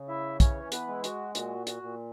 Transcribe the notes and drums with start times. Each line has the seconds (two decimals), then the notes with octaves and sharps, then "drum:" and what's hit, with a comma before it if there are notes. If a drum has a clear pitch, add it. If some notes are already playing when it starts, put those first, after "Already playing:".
Already playing: C#3
0.08 E4 E5
0.40 E3 C#4 C#5, drum: kick, hi-hat
0.72 B3 B4, drum: hi-hat
0.88 G#3 E4
1.04 F#4, drum: hi-hat
1.35 A#2 F#4, drum: hi-hat
1.67 F#4, drum: hi-hat
1.82 A#2